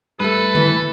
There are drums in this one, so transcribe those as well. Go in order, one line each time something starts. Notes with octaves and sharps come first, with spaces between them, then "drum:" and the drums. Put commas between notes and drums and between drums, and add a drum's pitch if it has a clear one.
G2 A3 A4 B4
E3, drum: tom D3